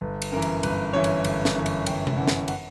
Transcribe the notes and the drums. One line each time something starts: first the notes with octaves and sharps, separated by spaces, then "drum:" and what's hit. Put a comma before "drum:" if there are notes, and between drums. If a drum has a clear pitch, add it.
G1 B4
drum: cymbal
F#2 E3 A#4
drum: cymbal
G1 B4, drum: cymbal
F#2 E3 C#5
drum: cymbal
G1, drum: cymbal
drum: snare
F#2 E3
drum: cymbal
G1 G5, drum: cymbal
drum: tom C3
F#2 E3 F#5
drum: snare
F#5, drum: cymbal